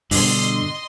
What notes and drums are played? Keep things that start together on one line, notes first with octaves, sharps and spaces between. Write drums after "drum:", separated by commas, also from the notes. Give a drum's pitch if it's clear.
G2 B2 D3 D#5 C6, drum: open hi-hat